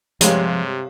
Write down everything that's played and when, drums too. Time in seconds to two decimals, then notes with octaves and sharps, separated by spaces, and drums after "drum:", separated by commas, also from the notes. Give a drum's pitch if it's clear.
0.21 G2 C3 F3 G#3 G4 C#5 F5, drum: hi-hat